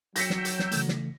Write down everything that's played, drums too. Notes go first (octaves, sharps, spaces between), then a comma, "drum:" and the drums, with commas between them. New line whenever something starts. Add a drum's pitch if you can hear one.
F#3 G5 E6 G6 A#6 B6 C#7, drum: hi-hat
drum: snare
drum: hi-hat
drum: snare
C#3 E3 A3, drum: hi-hat
drum: snare